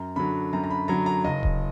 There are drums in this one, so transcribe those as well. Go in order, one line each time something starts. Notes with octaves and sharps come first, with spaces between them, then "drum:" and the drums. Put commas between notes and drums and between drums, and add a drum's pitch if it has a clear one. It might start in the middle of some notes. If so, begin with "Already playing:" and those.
Already playing: F#2 A#5
D3 F#3 B5
F#2 A#5
A#5
B5
D3 F#3 A#5
A#5
F#1 D#5
drum: kick D#1